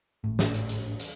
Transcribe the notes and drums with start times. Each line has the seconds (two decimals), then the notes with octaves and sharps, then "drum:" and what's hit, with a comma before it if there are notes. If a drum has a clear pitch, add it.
0.24 G#1 A2
0.39 drum: snare
0.54 drum: hi-hat
0.69 drum: hi-hat
1.00 drum: hi-hat